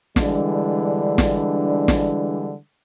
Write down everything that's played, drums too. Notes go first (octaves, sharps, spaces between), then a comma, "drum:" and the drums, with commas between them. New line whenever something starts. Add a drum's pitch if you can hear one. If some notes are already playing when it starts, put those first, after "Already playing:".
D3 E3 G3 G#3 D4, drum: snare
drum: snare
drum: snare